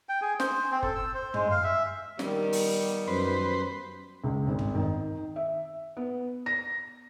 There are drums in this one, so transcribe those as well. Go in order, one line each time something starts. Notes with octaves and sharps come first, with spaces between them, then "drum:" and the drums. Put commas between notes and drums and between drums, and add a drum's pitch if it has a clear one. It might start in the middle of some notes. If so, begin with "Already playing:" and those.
G5
G#4
C5, drum: snare
C4
A4, drum: kick
E6
C5
G#3, drum: tom
F5
E5
D#3 G3 B3, drum: snare
drum: open hi-hat
F#2 B4 C5
C#2
G#1
drum: tom
D#3
E5
B3
A#6